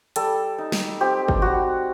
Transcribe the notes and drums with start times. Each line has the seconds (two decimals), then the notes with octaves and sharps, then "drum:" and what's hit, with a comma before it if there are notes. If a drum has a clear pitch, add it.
0.16 G3 A4, drum: hi-hat
0.58 D#4
0.72 drum: snare
1.00 C4 G4
1.28 drum: kick G1
1.42 G3 F#4